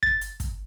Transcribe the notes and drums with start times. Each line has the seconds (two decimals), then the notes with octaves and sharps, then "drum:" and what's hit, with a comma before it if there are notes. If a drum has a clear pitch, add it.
0.03 A6, drum: kick
0.21 drum: hi-hat
0.40 drum: kick, hi-hat